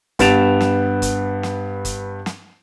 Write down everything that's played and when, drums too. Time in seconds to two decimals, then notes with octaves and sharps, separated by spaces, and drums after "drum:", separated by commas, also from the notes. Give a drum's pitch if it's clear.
0.19 G2 B3 A6 D7 E7 F7, drum: kick F#1, hi-hat
0.61 drum: snare
1.02 drum: kick F#1, hi-hat
1.43 drum: snare
1.85 drum: kick F#1, hi-hat
2.26 drum: snare